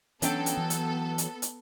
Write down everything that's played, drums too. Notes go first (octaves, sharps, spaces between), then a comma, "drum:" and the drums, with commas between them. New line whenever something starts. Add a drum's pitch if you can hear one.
E3 F#3 B3 C#4 D4 A4 G5 A5, drum: hi-hat
drum: hi-hat
E3
drum: hi-hat
drum: hi-hat
drum: hi-hat